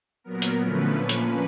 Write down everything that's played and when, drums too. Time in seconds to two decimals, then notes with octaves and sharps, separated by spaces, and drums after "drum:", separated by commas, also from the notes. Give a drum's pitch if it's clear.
0.24 A#2 F#3 B3 A#4
0.42 drum: hi-hat
0.61 D3 F3 A3 C#4 B4
0.98 A#2 F3 A#3 C#4 B4
1.09 drum: hi-hat